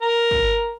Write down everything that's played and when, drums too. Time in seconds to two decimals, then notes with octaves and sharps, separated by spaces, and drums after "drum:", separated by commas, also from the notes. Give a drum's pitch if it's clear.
0.02 A#4
0.31 drum: kick